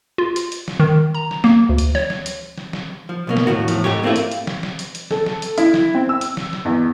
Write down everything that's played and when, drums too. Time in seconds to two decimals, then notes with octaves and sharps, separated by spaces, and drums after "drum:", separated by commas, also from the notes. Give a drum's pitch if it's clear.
0.18 F4
0.36 drum: hi-hat
0.52 drum: hi-hat
0.68 drum: snare
0.80 D#3
1.15 A#5
1.31 drum: snare
1.44 A#3, drum: snare
1.69 D2
1.78 drum: hi-hat
1.95 C#5, drum: snare
2.10 drum: snare
2.26 drum: hi-hat
2.58 drum: snare
2.73 drum: snare
3.09 F3
3.27 B1 B2 A#3
3.37 drum: snare
3.47 D#2 A2 C#3 F#4
3.68 E2 A2 F3, drum: hi-hat
3.84 G#2 A3 G4 C#5, drum: snare
4.03 A3 A#3 C4 D4 E4 F4
4.16 drum: hi-hat
4.32 drum: hi-hat
4.47 drum: snare
4.63 drum: snare
4.79 drum: hi-hat
4.95 drum: hi-hat
5.11 A4, drum: snare
5.26 drum: snare
5.42 drum: hi-hat
5.58 E4, drum: hi-hat
5.74 drum: snare
5.95 C4
6.09 E6
6.21 drum: hi-hat
6.37 drum: snare
6.53 drum: snare
6.65 E2